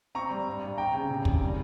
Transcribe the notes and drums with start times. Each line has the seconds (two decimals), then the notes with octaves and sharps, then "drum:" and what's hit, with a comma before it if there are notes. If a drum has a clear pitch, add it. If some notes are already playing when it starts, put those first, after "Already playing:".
0.15 C4 A#5 C#6
0.30 G3
0.47 G2
0.62 G2
0.78 C4 G5 A#5
0.94 C#3
1.10 C3
1.25 D#3, drum: kick
1.41 G3